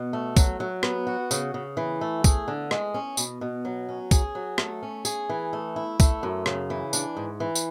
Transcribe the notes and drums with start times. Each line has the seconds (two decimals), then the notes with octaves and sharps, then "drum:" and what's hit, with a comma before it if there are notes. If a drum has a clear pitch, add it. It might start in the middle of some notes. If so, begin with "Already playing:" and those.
Already playing: B2
0.13 A3
0.37 F#3, drum: kick, tambourine
0.60 F#3
0.83 B3, drum: rim click
1.07 F#4
1.31 C#3, drum: tambourine
1.54 C#3
1.77 E3
2.01 A3
2.24 G#4, drum: kick, tambourine
2.48 D3
2.71 G#3, drum: rim click
2.94 C#4
3.17 B2, drum: tambourine
3.41 B2
3.65 F#3
3.89 C#4
4.11 G#4, drum: kick, tambourine
4.35 F#3
4.58 A3, drum: rim click
4.83 C#4
5.05 G#4, drum: tambourine
5.29 E3
5.53 A3
5.76 E4
6.00 A3, drum: kick, tambourine
6.23 F#2
6.46 C#3, drum: rim click
6.70 E3
6.93 D4, drum: tambourine
7.17 G#2
7.40 E3
7.55 drum: tambourine